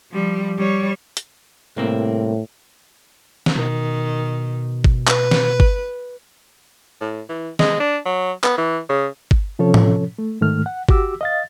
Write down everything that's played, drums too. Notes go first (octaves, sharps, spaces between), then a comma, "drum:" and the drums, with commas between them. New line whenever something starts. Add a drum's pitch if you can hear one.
F3 G3
G3 C#5
drum: hi-hat
C2 A2 A#3 C4
drum: snare
B2 D#3
drum: kick G1
B4, drum: clap
drum: snare
drum: kick G1
A2
E3
G#3, drum: snare
D4
F#3
B3, drum: clap
E3
C#3
drum: kick G1
C3 F3 C#4 A4 C#5
drum: tom A2
A3
G#2 D#3 A3 F6
F#5
F#4 G4 D6 E6, drum: kick G1
D#5 F5 A6